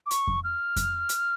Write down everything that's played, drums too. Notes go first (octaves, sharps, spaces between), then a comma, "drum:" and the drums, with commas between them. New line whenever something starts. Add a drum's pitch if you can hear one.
D6
C#6, drum: hi-hat
drum: kick F2
F6
drum: kick F2, hi-hat
drum: hi-hat